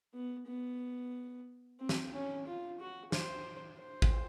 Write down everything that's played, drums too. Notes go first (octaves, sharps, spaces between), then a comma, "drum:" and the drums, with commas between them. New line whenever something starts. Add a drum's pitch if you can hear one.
B3
B3
C4
drum: snare
C#4
F4
F#4
C5, drum: snare
C5
drum: kick G#1